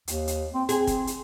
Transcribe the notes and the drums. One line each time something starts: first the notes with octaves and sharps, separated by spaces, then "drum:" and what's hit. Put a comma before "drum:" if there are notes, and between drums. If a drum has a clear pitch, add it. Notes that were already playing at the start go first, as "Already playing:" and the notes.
D#2, drum: hi-hat
drum: hi-hat
C4
C4 G#4, drum: hi-hat
drum: kick, hi-hat
drum: hi-hat